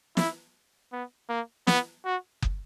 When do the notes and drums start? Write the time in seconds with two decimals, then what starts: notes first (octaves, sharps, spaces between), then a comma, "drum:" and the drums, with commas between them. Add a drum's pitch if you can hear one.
0.17 E4, drum: snare
0.92 B3
1.29 A#3
1.67 B3, drum: snare
2.05 F#4
2.42 drum: kick F#1